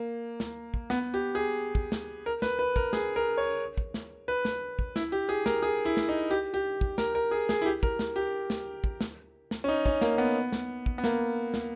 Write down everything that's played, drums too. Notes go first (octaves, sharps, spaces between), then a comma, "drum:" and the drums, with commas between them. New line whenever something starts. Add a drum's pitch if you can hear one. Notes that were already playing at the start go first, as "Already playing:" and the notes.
Already playing: A#3
drum: snare
drum: kick
B3, drum: snare
G4
G#4
drum: kick
drum: snare
A#4
B4, drum: snare
B4
A#4, drum: kick
G#4, drum: snare
A#4
C#5
drum: kick
drum: snare
B4
drum: snare
drum: kick
E4, drum: snare
G4
G#4
A#4, drum: snare
G#4
E4
drum: snare
D#4
G4
G4
drum: kick
A#4, drum: snare
A#4
G#4
G#4, drum: snare
E4
G4
A#4, drum: kick
drum: snare
G4
drum: snare
drum: kick
drum: snare
drum: snare
C#4
D#4
C#4, drum: kick
A#3, drum: snare
B3
drum: snare
drum: kick
B3
A#3, drum: snare
drum: snare